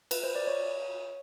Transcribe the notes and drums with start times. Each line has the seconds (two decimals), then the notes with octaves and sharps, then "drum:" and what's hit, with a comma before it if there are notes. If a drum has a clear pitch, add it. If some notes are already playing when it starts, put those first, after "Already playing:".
0.11 B4, drum: cymbal
0.23 C5
0.35 D5
0.47 C#5